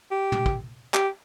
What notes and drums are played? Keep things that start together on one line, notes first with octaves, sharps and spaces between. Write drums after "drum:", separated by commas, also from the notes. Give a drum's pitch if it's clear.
G4
drum: tom
drum: kick
G4, drum: clap